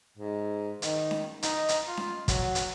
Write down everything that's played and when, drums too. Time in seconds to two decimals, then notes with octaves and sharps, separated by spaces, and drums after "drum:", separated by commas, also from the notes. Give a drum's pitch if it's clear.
0.18 G#2
0.82 D#3, drum: hi-hat
1.11 drum: snare C#4
1.43 D#4, drum: hi-hat
1.69 drum: hi-hat
1.86 F4
1.97 drum: snare C#4
2.28 F#3, drum: kick, hi-hat
2.55 drum: hi-hat